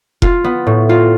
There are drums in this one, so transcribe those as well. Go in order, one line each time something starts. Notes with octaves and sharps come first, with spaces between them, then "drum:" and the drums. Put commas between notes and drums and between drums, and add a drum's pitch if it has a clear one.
F4, drum: kick F1
B3
A2
F4